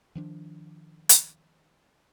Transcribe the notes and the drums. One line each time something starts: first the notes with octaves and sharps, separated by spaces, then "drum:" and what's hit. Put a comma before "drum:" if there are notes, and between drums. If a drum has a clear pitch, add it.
D#3 F3 D4
drum: hi-hat